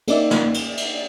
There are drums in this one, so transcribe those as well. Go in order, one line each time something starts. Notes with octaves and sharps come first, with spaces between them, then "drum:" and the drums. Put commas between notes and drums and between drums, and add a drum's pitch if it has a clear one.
A#3 C#4 D#4 D5 E5, drum: cymbal
drum: snare
drum: cymbal
drum: cymbal